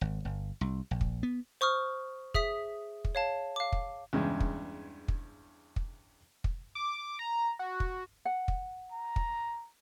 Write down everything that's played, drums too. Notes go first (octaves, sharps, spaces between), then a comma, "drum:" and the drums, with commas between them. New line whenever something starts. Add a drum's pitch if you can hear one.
G#1
G1
C2
A#1
drum: kick
B3
C5 C#6 D#6 F6
G#4 E5 D#6 B6, drum: kick
drum: kick
C#5 F5 A5
F5 D6
drum: kick
E2 G2 C#3 G#3
drum: kick
drum: kick
drum: kick
drum: kick
D6
A#5
F#4
drum: kick
F#5
drum: kick
A#5
drum: kick